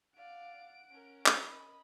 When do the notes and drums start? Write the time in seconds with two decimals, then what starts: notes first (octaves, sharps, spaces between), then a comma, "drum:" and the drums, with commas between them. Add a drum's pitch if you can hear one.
0.16 D5 F5 F#5 D7
0.90 C#4 A#4
1.26 drum: clap
1.42 D#5 B5